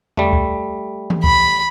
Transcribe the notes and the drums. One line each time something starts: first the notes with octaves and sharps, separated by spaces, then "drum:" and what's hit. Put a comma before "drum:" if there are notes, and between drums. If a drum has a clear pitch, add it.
G3 A3, drum: tom E2
drum: kick C#2
drum: tom E3
B5, drum: kick C#2